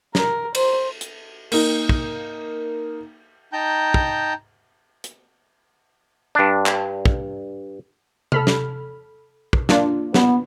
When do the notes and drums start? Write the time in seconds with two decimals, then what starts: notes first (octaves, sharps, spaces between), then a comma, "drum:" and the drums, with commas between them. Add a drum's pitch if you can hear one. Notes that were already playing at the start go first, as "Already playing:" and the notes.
0.15 A#4, drum: snare
0.55 C5, drum: cymbal
1.01 drum: hi-hat
1.52 A#3 D#4, drum: cymbal
1.89 drum: kick
3.53 D#4 G5 A5 A#5 G6
3.94 drum: kick
5.04 drum: hi-hat
6.35 G2 D4
6.66 drum: clap
7.05 drum: kick
8.32 A4 B5 F6, drum: tom C3
8.47 drum: snare
9.53 drum: kick
9.69 A#3 D4 F4, drum: snare
10.14 B3, drum: snare